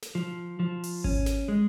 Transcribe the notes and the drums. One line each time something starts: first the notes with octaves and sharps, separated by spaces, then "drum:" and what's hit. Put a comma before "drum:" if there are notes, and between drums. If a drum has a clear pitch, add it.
drum: snare
F3
F3
drum: open hi-hat
C#4, drum: kick G#1
drum: snare
G#3